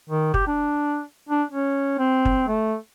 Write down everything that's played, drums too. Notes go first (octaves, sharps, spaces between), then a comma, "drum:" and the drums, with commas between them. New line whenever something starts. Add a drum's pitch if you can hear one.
D#3
G4, drum: kick
D4
D4
C#4
C4
drum: kick
A3